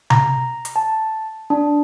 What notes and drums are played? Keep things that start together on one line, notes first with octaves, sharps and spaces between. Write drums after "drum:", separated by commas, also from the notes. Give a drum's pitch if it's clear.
A#5, drum: tom C3
drum: hi-hat
A5
D4